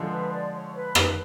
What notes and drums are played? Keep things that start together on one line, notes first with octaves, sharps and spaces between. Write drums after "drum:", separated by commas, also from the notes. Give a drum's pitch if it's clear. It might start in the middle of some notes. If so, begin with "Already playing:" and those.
Already playing: D3 F3 G#3
B4
D5
C#5
B4
drum: rim click